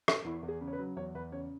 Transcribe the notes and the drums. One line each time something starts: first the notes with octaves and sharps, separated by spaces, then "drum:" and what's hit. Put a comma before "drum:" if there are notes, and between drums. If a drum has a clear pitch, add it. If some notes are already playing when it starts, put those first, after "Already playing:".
drum: rim click
E2 E4
E2
G#4
C#3
C#5
B4
F#3
E2 C#5
E2 B4
C#3 C#5